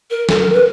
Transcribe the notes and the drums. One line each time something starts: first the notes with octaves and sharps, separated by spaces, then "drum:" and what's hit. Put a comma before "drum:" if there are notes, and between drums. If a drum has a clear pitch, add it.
A#4
A4, drum: snare
A#4
B4